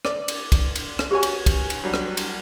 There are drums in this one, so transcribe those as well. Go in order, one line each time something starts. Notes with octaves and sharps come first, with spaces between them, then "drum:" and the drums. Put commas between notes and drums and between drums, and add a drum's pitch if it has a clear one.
D5, drum: rim click
drum: cymbal
drum: kick, cymbal
drum: cymbal
drum: rim click
F#4 G4 C#5 G#5
drum: cymbal
drum: kick, cymbal
drum: cymbal
F#3 G3 D4
drum: rim click
drum: cymbal